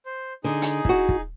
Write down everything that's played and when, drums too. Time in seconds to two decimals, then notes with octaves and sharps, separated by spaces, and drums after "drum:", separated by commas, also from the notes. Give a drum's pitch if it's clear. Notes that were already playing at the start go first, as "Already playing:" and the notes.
0.06 C5
0.44 D3 D#4 G#4
0.62 drum: hi-hat
0.85 E4 F#4, drum: kick
1.09 drum: kick